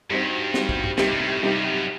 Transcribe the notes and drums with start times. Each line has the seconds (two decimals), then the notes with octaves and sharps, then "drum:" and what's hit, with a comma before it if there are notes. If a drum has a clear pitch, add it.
0.10 G2 G3 C4 D#4 F#4 C5
0.54 G3 C4 D#4 F#4 C5, drum: snare
0.69 drum: kick
0.84 drum: tom G2
0.98 G2 C3 G3 C4 D#4 G4, drum: snare
1.12 G2
1.20 A2
1.42 G2 C3 G3 C4 D#4 G4
1.64 F#2